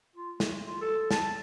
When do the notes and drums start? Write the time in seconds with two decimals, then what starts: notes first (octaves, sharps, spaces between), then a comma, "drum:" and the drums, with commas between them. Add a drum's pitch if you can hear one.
0.16 F4
0.40 A3, drum: snare
0.67 F4
0.81 A4
1.11 A5, drum: snare